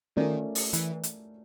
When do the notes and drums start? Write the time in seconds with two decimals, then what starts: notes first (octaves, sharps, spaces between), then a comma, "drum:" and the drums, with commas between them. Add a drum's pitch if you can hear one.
0.16 D#3 A3 C#4 F4 A#4 D5
0.55 drum: open hi-hat
0.73 E3, drum: hi-hat
1.03 drum: hi-hat